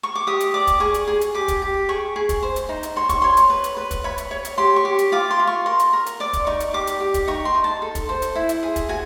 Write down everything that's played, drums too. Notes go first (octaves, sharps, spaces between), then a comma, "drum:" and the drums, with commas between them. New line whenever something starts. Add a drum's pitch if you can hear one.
C#6
D6
G4 D#6
drum: hi-hat
D5 D6
drum: kick, hi-hat
G#4 C#6
drum: hi-hat
G#4
drum: hi-hat
G4 D6
drum: kick, hi-hat
G4
G#4 C#6
G#4
drum: kick, hi-hat
C5
drum: hi-hat
D#4
drum: hi-hat
C#5 C6
C#6, drum: kick, hi-hat
C#5 C6
drum: hi-hat
B4
drum: hi-hat
B4
drum: kick, hi-hat
C#5 B5
drum: hi-hat
C#5
drum: hi-hat
G4 C6
C#6
G4
drum: hi-hat
F4 D6
C6
F4
C#6
A#4 C6
drum: hi-hat
A#4
drum: hi-hat
D5 D6
drum: kick, hi-hat
D#4 C#6
drum: hi-hat
G4 D6
drum: hi-hat
G4
drum: kick, hi-hat
D#4 C#6
C6
D#4
A5
A4
drum: kick, hi-hat
C5
drum: hi-hat
E4
drum: hi-hat
G#4
drum: kick, hi-hat
F#4 G#5